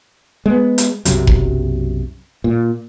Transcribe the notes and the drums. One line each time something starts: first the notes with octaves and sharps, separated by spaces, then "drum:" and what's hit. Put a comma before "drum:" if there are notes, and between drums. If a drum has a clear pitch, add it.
G#3 B3
drum: hi-hat
B1 F#2 C3 F#3, drum: hi-hat
drum: kick F1
A#2